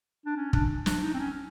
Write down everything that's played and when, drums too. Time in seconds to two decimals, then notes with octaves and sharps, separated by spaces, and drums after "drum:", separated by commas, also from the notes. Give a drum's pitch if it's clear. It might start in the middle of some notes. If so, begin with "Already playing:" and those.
0.26 D4
0.37 C#4
0.53 D4, drum: kick
0.86 D4, drum: snare
1.03 D#4
1.14 C4
1.19 C#4